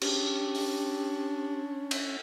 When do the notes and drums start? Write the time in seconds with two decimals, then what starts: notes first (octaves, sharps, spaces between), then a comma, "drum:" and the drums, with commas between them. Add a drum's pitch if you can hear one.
0.01 C#4 D4 G4, drum: cymbal
0.55 drum: open hi-hat
1.91 drum: cymbal